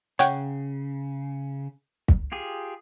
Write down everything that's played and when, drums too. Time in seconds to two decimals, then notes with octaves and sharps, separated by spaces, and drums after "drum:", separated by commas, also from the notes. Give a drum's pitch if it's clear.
0.19 C#3 C#5 F#5 G5, drum: hi-hat
2.08 drum: kick
2.32 F4 G4 G#4